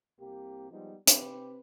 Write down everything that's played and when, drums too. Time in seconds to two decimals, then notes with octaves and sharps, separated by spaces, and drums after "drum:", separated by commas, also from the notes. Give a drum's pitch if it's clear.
0.19 C2 C3 A#3 G4
0.71 F3 G3 G#3 B3 D#4
1.07 C3 C4 G4 B4, drum: hi-hat